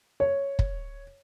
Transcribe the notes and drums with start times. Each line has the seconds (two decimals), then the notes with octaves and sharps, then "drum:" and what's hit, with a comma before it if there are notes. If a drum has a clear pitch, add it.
0.20 C#5
0.59 drum: kick